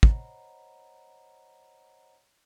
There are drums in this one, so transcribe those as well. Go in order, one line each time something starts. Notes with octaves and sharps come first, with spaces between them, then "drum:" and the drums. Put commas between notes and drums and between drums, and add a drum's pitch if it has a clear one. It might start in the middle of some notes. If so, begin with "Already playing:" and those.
C5 C#5 D#5 F#5 A#5 B5, drum: kick